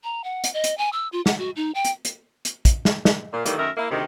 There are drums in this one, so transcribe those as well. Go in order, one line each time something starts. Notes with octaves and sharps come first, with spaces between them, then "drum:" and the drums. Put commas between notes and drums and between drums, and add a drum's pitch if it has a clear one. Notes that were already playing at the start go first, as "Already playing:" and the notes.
A#5
F#5
drum: hi-hat
D#5
drum: hi-hat
G#5
E6
F4
F#5, drum: snare
F#4
D#4
G5
drum: hi-hat
drum: hi-hat
drum: hi-hat
drum: kick, hi-hat
drum: snare
drum: snare
A#2
D#3 E3 G3 A3 A#3, drum: hi-hat
F#2 D#3 A3 A#4 E5
A#3 E4
D2 C3 D#3